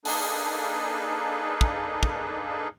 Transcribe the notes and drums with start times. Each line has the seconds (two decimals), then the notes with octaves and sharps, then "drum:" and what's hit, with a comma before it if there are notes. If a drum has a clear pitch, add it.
0.05 A#3 D4 D#4 G#4 A4 B4, drum: open hi-hat
1.61 drum: kick
2.03 drum: kick